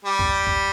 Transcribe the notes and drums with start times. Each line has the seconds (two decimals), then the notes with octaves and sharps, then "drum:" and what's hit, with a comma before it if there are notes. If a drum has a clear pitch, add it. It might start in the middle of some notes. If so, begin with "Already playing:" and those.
0.05 G3
0.19 drum: kick
0.47 drum: kick